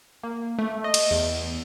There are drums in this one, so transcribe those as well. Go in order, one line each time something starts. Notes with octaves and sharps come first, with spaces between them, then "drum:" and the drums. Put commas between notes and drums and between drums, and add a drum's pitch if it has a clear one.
A#3
A3
D#5
drum: cymbal
E2